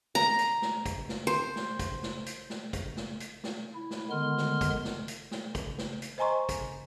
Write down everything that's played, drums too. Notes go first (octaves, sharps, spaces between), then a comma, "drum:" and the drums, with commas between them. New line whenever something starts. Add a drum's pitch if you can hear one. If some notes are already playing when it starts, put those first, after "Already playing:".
A#5, drum: snare
drum: hi-hat
drum: snare
drum: kick, hi-hat
drum: snare
C5
drum: snare
drum: kick, hi-hat
drum: snare
drum: hi-hat
drum: snare
drum: kick, hi-hat
drum: snare
drum: hi-hat
drum: snare
E4
drum: snare
D3 D#3 G#3 B3 C6 F6
drum: snare
drum: kick, hi-hat
drum: snare
drum: hi-hat
drum: snare
drum: kick, hi-hat
drum: snare
drum: hi-hat
C5 D#5 G#5 A#5 C6 C#6
drum: kick, hi-hat